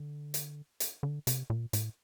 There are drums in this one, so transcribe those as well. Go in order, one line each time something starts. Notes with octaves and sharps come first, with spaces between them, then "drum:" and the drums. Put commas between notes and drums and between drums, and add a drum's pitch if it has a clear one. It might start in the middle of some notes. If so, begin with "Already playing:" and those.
Already playing: D3
drum: hi-hat
drum: hi-hat
D3
C3, drum: hi-hat
A#2
A2, drum: hi-hat